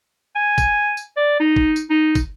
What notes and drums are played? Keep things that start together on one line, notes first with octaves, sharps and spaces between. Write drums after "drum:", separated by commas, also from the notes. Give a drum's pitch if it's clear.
G#5
drum: kick, tambourine
drum: tambourine
D5
D#4
drum: kick
drum: tambourine
D#4
drum: kick, tambourine